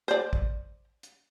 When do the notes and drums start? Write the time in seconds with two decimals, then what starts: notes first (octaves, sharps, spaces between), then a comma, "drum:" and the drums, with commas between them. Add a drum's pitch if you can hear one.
0.08 C5 D5, drum: hi-hat
0.33 drum: kick
1.03 drum: hi-hat